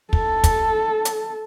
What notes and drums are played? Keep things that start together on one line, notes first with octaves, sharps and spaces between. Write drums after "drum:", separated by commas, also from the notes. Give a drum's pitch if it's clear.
A4, drum: kick
drum: kick, hi-hat
drum: hi-hat